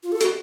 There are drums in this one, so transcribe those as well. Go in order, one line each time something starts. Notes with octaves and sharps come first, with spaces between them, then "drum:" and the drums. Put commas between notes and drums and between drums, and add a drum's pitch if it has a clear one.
F4
A4
F#4, drum: hi-hat